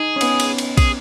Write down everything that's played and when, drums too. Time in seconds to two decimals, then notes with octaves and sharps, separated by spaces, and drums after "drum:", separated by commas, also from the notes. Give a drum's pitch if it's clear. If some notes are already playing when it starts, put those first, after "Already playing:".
Already playing: D#4 G#4
0.16 C#4
0.21 B3, drum: cymbal
0.40 drum: cymbal
0.58 drum: cymbal
0.78 G#4, drum: kick, cymbal